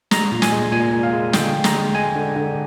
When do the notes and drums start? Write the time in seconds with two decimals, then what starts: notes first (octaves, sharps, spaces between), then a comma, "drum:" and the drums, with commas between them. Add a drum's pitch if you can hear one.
0.11 G#3 A#5, drum: snare
0.32 A#2
0.42 G#5, drum: snare
0.52 G#3
0.72 A#2 G#5
0.93 A#2
1.03 F5
1.13 G#3
1.33 D3 G5, drum: snare
1.54 G#3
1.64 A#5, drum: snare
1.75 G#3
1.95 G#3 G#5
2.15 D3
2.36 D3